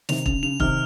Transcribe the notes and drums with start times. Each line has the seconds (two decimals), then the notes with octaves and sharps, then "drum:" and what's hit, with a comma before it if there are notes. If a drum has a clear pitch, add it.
0.09 C3 D#3 F7, drum: snare
0.26 C#3 F7, drum: kick E1
0.43 C#3 F7
0.60 C3 D#3 F6, drum: kick E1